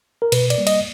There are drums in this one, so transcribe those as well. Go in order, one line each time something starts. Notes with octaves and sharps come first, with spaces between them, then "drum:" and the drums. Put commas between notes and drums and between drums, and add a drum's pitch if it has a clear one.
A#4
B2 B4, drum: cymbal
D5, drum: cymbal
G3 A#3
D#5, drum: cymbal